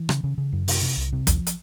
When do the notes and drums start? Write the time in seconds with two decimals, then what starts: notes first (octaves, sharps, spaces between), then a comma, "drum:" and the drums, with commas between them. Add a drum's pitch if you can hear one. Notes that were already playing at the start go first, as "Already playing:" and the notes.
Already playing: E3
0.09 C#3, drum: rim click
0.24 C#3
0.38 C#3
0.53 F#2
0.68 C3, drum: open hi-hat
0.82 C3
0.97 C2
1.13 C3
1.27 D#2 F3, drum: kick, hi-hat
1.47 drum: hi-hat